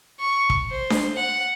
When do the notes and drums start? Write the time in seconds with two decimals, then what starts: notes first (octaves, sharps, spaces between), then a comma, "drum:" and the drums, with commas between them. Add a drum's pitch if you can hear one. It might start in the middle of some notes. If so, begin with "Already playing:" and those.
0.20 C#6
0.50 drum: kick
0.70 C5
0.90 drum: snare D4
1.16 F#5